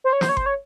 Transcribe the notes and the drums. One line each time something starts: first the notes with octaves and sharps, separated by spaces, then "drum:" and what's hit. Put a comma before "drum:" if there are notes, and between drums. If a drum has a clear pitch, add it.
C5
C#5
C5, drum: snare
C#5
C5, drum: kick G1
C#5